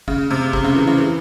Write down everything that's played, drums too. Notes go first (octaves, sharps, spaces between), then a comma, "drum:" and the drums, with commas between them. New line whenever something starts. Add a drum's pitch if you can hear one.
C#3, drum: kick
C3
C3, drum: kick
C#3
E3
C#3
E3